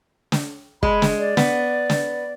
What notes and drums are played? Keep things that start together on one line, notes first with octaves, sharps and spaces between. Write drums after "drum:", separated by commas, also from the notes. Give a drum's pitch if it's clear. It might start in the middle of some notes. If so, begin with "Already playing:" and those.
drum: snare
G#3 B5, drum: kick
drum: snare
D5
B3, drum: snare
drum: snare